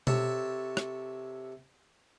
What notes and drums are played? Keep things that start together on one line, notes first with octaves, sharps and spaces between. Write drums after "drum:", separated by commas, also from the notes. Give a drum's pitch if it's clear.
C3 A4 C#5, drum: tom B2
drum: rim click